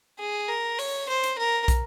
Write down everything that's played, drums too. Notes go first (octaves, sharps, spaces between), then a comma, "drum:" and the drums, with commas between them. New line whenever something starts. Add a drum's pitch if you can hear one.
G#4
A#4
C#5, drum: open hi-hat
C5
drum: hi-hat
A#4
drum: kick, hi-hat